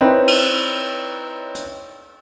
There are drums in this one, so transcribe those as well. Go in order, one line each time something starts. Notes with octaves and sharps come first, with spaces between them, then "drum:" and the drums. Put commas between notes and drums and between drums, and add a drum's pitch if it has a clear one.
C4 D#4 E4 B4 C#5
drum: cymbal
drum: hi-hat